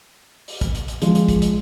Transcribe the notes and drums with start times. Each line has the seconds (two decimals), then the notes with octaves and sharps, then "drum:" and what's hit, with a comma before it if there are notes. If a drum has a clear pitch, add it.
0.48 drum: open hi-hat
0.61 drum: kick, hi-hat
0.75 drum: hi-hat
0.88 drum: hi-hat
1.02 F3 G#3, drum: hi-hat
1.15 drum: hi-hat
1.29 drum: kick, hi-hat
1.42 drum: hi-hat